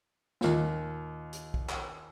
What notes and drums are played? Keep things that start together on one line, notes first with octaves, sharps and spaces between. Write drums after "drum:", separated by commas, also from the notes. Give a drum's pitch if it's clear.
D#2 A#2, drum: snare
drum: hi-hat
drum: kick
drum: clap